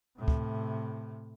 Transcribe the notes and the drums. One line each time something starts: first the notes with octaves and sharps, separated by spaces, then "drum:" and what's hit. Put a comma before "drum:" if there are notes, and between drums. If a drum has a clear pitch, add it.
A2 C3
drum: kick